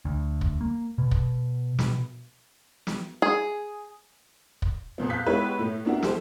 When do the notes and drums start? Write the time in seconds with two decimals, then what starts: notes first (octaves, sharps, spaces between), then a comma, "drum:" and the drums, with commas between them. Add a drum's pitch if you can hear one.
0.05 D2
0.41 drum: kick
0.61 A#3
0.98 B2
1.11 drum: kick
1.79 B2, drum: snare
2.87 drum: snare
3.22 G#4
4.62 drum: kick
4.98 F2 A#2 F3 B3
5.10 F5 F#6 G6 B6
5.26 G#3 B3 E4 G4 B4 C#5
5.59 A2 A3
5.85 A#3 B3 D4 E4 F#4
6.02 E4 G4 A4 C5, drum: snare